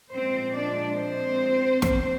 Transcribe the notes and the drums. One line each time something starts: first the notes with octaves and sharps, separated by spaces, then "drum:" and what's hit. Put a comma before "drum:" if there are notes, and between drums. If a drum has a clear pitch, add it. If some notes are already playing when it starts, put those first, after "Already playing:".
A#2 F3 G#3 C4 C5
D4 D5
C4 C5
drum: snare